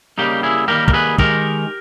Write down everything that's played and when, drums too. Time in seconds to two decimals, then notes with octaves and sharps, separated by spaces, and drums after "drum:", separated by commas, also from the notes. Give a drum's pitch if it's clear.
0.18 C#3 G3 A#3 D#4 G4
0.43 E4 G#4
0.68 D#3 G3 A#3 G4 A#4
0.88 A#4, drum: kick
0.94 G#4 B4
1.18 D#3 G#3 G4 A#4, drum: kick